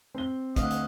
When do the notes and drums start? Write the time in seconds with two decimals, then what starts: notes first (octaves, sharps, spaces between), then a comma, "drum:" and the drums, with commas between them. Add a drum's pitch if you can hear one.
0.15 C4 G7
0.56 D2 D#5 F5 F#5 D#6, drum: kick, hi-hat
0.71 drum: hi-hat